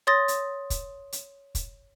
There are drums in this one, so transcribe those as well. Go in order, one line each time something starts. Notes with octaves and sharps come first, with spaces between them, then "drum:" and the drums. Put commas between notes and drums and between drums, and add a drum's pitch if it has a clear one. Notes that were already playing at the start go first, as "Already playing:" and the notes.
C#5 C6 D#6 A6 A#6
drum: hi-hat
drum: kick, hi-hat
drum: hi-hat
drum: kick, hi-hat